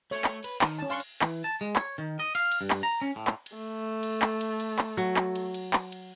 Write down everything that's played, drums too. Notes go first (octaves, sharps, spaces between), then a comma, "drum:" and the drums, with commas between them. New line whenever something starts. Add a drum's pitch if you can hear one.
A3 C#5
drum: clap
B4, drum: cymbal
D#3, drum: clap
C#4 A5
D4 F5 C6 C#6
drum: cymbal
E3, drum: clap
A5
G#3
C#5, drum: clap
D#3
D#5
F5, drum: cymbal
drum: cymbal
G2
drum: clap
A#5
C#4
A2
drum: clap
drum: cymbal
A3
drum: cymbal
drum: clap
drum: cymbal
drum: cymbal
drum: clap
F#3
drum: clap
drum: cymbal
drum: cymbal
drum: clap
drum: cymbal